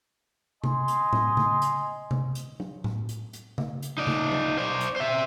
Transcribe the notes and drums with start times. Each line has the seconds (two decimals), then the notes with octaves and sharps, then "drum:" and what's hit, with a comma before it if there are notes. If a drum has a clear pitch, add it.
0.64 D#5 G#5 C6, drum: tom C3
0.88 drum: hi-hat
1.13 drum: tom A2
1.37 drum: tom C#3
1.62 drum: hi-hat
2.11 drum: tom C3
2.35 drum: hi-hat
2.60 drum: tom F#3
2.84 drum: tom A2
3.09 drum: hi-hat
3.33 drum: hi-hat
3.58 drum: tom C#3
3.82 drum: hi-hat
3.98 D#4 D5
4.07 drum: tom C#3
4.32 drum: tom F#3
4.57 C5 D5
4.81 drum: hi-hat
4.96 C5 E5